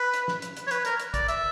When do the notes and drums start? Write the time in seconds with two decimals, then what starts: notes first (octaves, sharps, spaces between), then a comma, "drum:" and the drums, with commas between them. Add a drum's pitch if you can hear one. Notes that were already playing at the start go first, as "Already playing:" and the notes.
Already playing: B4
0.14 drum: hi-hat
0.28 drum: snare
0.42 drum: hi-hat
0.57 drum: hi-hat
0.67 C#5
0.71 B4, drum: hi-hat
0.85 A#4, drum: hi-hat
1.00 drum: hi-hat
1.14 D5, drum: kick, hi-hat
1.28 E5, drum: hi-hat